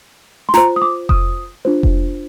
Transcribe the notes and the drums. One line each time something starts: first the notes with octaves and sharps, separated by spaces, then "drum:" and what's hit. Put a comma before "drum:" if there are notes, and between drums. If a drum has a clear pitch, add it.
C6
F4 C5 A#5, drum: snare
D#6
D6
D#6, drum: kick F1
D4 F4 C5
drum: kick F1